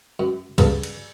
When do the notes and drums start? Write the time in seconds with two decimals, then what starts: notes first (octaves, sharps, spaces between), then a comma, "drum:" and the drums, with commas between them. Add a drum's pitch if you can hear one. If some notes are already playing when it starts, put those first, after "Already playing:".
0.19 F#2
0.58 G2 C#3 B3 A4 A#4, drum: kick, cymbal
0.83 drum: cymbal